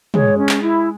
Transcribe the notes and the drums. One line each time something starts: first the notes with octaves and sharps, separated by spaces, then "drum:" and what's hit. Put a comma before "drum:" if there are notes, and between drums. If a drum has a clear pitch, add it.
G#3 C#5, drum: tom
C#4
drum: clap
E4